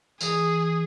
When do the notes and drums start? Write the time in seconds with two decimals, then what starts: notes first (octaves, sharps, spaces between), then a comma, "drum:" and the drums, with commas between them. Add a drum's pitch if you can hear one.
0.21 E3 G#4, drum: tambourine